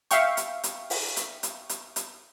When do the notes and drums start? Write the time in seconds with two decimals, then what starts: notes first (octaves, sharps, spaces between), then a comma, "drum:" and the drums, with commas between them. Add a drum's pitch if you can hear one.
0.11 E5 F5 G5 C#6, drum: hi-hat
0.37 drum: hi-hat
0.64 drum: hi-hat
0.90 drum: open hi-hat
1.16 drum: hi-hat
1.43 drum: hi-hat
1.69 drum: hi-hat
1.96 drum: hi-hat